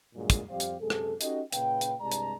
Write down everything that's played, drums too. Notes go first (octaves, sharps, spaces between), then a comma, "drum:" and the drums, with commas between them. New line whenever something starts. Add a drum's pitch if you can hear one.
G2 A#2 C#3 F#3 G#3
drum: kick, hi-hat
F2 G3 G4 C5 F5
drum: hi-hat
F#2 C3 G#3 G#4 A4
drum: rim click
C#4 D#4 F#4 G4 A4 D#5, drum: hi-hat
A#2 C#3 B4 F5 G5, drum: hi-hat
drum: hi-hat
C2 G2 G#3 D5 A5 A#5
drum: hi-hat